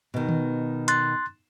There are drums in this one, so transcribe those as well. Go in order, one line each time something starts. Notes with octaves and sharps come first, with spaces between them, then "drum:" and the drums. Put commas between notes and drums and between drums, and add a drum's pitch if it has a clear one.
B2 D#3
drum: tom D#3
C6 F#6 A6, drum: hi-hat